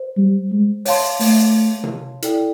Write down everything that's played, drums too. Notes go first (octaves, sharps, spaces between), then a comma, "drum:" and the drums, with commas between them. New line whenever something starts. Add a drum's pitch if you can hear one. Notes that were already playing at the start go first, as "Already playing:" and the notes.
Already playing: C5
G3
G#3
C#5 F5 A5 C6, drum: open hi-hat
A3, drum: open hi-hat
drum: tom C3
E4 A4 D5 G5, drum: hi-hat